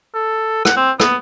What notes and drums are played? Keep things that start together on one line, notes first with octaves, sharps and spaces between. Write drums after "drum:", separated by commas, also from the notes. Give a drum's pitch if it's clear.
A4
F#5, drum: rim click
C4
B3, drum: rim click